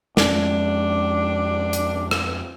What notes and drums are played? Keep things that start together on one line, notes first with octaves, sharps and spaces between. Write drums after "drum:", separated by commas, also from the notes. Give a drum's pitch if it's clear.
F2 G#3 C#4 D4, drum: snare
drum: hi-hat
drum: rim click